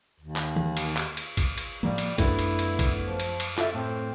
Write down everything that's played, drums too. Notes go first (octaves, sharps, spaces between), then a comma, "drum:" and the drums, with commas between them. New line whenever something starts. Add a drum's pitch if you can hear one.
D#2
drum: clap
drum: tom E3
drum: cymbal
drum: clap
drum: cymbal
drum: kick, cymbal
drum: cymbal
A2 F3 G3 A#3
drum: cymbal
F#2 A3 B3 D4 E4, drum: kick, cymbal
drum: cymbal
drum: cymbal
drum: kick, cymbal
F3
drum: cymbal
drum: cymbal
F4 A4 E5, drum: clap
A2 C4